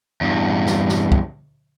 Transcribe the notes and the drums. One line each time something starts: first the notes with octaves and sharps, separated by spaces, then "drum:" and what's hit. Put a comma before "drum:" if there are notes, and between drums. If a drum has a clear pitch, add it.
E2 G2
drum: snare
drum: snare
drum: kick